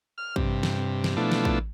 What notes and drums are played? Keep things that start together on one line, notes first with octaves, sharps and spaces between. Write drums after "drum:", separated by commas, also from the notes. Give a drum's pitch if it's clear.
F6
G2 C3, drum: kick
drum: snare
drum: snare
B2 F3 A3 D4 E4
drum: snare
drum: kick